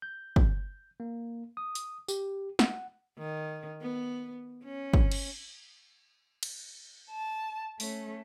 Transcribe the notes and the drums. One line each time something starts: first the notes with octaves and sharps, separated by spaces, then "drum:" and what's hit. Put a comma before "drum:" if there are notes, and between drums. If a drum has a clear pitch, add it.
G6
drum: kick
A#3
D#6
drum: hi-hat
G4, drum: tambourine
F#5, drum: snare
D#3
B3
C#4
drum: kick
drum: cymbal
drum: cymbal
A5
A3 C#4, drum: open hi-hat